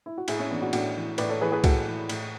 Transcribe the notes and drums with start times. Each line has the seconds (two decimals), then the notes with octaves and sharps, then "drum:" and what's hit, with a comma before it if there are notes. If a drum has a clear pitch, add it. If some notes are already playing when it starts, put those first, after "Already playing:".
0.06 E4
0.18 F#4
0.28 A2 E4 G#4, drum: cymbal
0.39 C#4 E4
0.51 E3 B3 D4
0.62 D4 F#4
0.73 A2 D4 F#4, drum: cymbal
0.96 E3
1.18 A2 B4 D5, drum: cymbal
1.29 A4 C#5
1.41 E3 G#4 B4
1.52 G#4 B4
1.64 A2 F#4 A4, drum: kick C2, cymbal
1.87 E3
2.09 A2, drum: cymbal